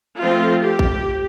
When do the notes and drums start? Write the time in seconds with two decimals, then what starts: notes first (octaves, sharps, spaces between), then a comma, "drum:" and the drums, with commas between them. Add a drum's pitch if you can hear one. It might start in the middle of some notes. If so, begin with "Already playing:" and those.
0.19 F3 A3 C4 F4
0.63 G4
0.79 drum: kick A#1